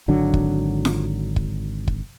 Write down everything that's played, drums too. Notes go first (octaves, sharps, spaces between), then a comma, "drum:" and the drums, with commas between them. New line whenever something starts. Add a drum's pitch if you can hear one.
G#1 D3 F#3 D4
drum: kick
drum: snare F4
drum: kick
drum: kick